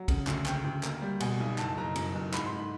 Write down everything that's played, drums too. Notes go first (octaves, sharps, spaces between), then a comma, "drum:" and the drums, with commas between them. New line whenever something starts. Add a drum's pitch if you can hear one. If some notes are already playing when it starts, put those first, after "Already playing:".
Already playing: F#3
C#3, drum: kick, cymbal
D2, drum: clap
C#3 G5, drum: clap
D2
A#3, drum: clap
G3
B2 G#5, drum: cymbal
B1
F#1 A5, drum: clap
F#1 A#5
F#2, drum: cymbal
F#1
G#2 B5, drum: clap
C6
G#2
B5